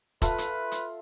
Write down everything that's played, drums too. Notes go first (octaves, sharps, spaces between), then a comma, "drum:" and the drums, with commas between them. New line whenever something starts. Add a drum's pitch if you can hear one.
F4 A4 B4 E5, drum: kick E1, hi-hat
drum: hi-hat
drum: hi-hat